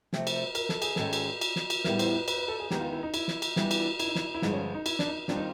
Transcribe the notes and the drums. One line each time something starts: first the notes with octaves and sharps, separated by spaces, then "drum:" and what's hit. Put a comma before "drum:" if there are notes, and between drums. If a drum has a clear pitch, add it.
C3 F3 A3 C4, drum: snare
drum: cymbal
A#4, drum: cymbal
A4, drum: snare
G#4, drum: cymbal
G#2 D#3 G#3 C#4 A4, drum: snare
drum: cymbal
drum: cymbal
drum: snare
drum: cymbal
A2 E3 G3 B3 A#4, drum: snare
C5, drum: cymbal
B4
B4, drum: cymbal
B4
A4
G#4
D#3 G#3 B3 D#4 G4, drum: snare
E4
F4
E4
D#4
E4, drum: cymbal
drum: snare
drum: cymbal
E3 G3 B3 D4, drum: snare
drum: cymbal
E4, drum: cymbal
D#4
E4, drum: snare
E4
G2 D3 F3 G#3 D#4, drum: snare
C#4
D#4
E4, drum: cymbal
D4, drum: snare
D#4
D#3 G3 C4 D4 F4, drum: snare
D#4